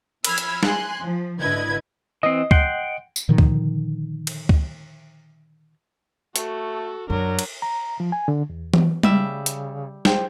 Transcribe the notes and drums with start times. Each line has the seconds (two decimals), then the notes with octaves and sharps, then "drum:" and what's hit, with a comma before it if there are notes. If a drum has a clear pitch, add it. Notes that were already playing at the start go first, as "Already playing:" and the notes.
0.24 F3 B5 E6 F6 G#6, drum: cymbal
0.38 drum: hi-hat
0.63 G#5 C6 F#6, drum: snare
1.02 F3
1.40 G#1 D3 E4 B4 D#5 G#6
2.23 E3 C4 D#5
2.51 F#5 G5 C6, drum: kick C#2
3.16 drum: tambourine
3.29 A#2 D3 D#3 F3
3.38 drum: kick C#2
4.27 drum: cymbal
4.49 drum: kick C#2
6.36 A3 F#4 A4, drum: hi-hat
7.10 F#2 F#3 D4 A#4
7.39 drum: cymbal
7.62 A#5
8.00 F3
8.12 G#5
8.28 D3
8.50 E2
8.74 drum: tom E3
9.03 C#3 G3 E5, drum: tom G3
9.46 drum: hi-hat
10.05 C5 G5, drum: snare